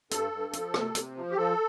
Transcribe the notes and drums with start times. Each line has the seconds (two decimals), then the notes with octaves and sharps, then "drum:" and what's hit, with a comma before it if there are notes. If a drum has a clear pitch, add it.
0.11 G2 A4, drum: hi-hat
0.32 G2
0.53 F3, drum: hi-hat
0.74 C3, drum: rim click
0.95 C3, drum: hi-hat
1.16 F3
1.31 G4
1.37 F3 A4